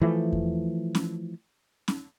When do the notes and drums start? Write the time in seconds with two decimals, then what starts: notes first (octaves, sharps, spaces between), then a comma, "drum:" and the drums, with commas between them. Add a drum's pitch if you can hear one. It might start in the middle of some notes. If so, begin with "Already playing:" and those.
0.01 E3 F3 A3
0.33 drum: kick E2
0.95 drum: snare C#4
1.88 drum: snare C#4